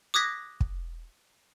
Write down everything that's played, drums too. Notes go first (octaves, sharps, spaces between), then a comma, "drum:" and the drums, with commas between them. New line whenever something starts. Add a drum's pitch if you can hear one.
D6 D#6 F#6 G#6 A#6 B6
drum: kick